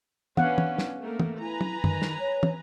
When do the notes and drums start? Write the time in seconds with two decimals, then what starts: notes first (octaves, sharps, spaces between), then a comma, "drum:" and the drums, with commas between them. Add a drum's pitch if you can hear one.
0.37 B3 C#4 D4 B4 F5 F#5, drum: tom
0.58 drum: tom
0.78 drum: snare
1.00 A3 A#3 A#4
1.20 drum: tom
1.40 E4 B4 G#5 A#5
1.61 drum: tom
1.84 D#3, drum: tom F#2
2.02 drum: snare
2.20 C#5
2.43 drum: tom